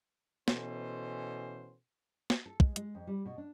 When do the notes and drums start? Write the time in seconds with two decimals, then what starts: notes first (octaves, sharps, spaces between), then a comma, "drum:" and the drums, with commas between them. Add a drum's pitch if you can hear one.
0.48 B2 E3 B3 C#4 A4 C5, drum: snare
2.30 drum: snare
2.46 A4
2.60 G#3, drum: kick
2.76 G#3, drum: hi-hat
2.95 F2
3.07 G3
3.25 B2
3.38 D4